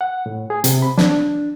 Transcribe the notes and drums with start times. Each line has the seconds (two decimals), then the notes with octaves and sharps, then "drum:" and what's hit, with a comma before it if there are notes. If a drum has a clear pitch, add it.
0.01 F#5
0.26 A2
0.50 G#4
0.64 C3, drum: hi-hat
0.82 B5
0.98 D4, drum: snare